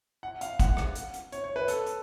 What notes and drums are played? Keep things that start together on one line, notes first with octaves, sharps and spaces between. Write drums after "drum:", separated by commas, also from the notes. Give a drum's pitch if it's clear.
F#5
F5, drum: hi-hat
F#5, drum: kick, hi-hat
F#5, drum: rim click
drum: hi-hat
drum: hi-hat
C#5, drum: hi-hat
C#5
B4
A4, drum: hi-hat
drum: hi-hat